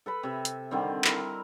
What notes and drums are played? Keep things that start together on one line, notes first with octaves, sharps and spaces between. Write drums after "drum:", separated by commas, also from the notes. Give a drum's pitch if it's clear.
A4 B4 B5
C3 E5
drum: hi-hat
D3 D#3 G3 C4
E4 A#4, drum: clap